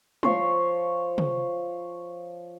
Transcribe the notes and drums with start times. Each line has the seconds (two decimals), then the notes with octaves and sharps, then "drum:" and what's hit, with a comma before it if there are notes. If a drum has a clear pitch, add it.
0.23 F3 C#5 C6, drum: tom
1.18 drum: tom